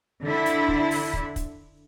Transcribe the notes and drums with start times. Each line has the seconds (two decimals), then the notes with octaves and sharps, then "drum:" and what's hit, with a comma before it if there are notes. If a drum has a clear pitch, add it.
0.23 D3 E4
0.46 drum: hi-hat
0.68 drum: kick
0.91 drum: open hi-hat
1.13 drum: kick
1.36 drum: kick, hi-hat